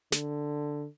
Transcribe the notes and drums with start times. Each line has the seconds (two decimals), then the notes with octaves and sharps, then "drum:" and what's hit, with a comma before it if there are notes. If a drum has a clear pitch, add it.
0.12 D3, drum: snare